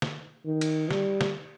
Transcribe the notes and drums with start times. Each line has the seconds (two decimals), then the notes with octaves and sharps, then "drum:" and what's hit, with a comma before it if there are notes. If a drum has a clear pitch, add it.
0.02 drum: snare
0.46 D#3
0.61 drum: cymbal
0.91 G3, drum: snare
1.21 drum: snare